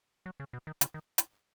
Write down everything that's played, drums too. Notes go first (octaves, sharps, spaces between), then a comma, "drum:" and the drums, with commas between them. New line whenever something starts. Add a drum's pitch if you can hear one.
F#3
C#3
B2
D#3
C#3, drum: hi-hat
D#3
drum: hi-hat